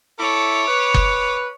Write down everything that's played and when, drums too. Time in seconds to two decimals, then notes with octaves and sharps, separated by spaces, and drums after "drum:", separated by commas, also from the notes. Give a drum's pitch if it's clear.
0.19 E4 A4 C#5 D6
0.68 B4
0.94 drum: kick F#1